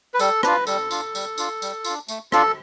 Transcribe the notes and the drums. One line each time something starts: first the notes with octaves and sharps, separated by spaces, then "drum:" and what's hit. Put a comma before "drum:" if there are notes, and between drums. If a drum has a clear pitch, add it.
B4
G3 A4, drum: tambourine
D4 F4 B4, drum: rim click
G3 A4, drum: tambourine
D4 F4, drum: tambourine
G3, drum: tambourine
D4 F4, drum: tambourine
G3, drum: tambourine
D4 F4, drum: tambourine
A3, drum: tambourine
D4 F4 A4, drum: rim click